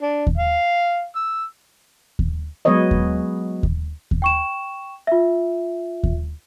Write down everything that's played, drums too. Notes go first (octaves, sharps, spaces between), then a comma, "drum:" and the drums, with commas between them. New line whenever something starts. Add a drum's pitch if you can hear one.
D4
drum: kick D#2
F5
E6
drum: kick D#2
F#3 G#3 B3 B4 C#5 D#5
drum: kick D#2
drum: kick D#2
drum: kick D#2
G5 C#6 E7
F4 E5
drum: kick D#2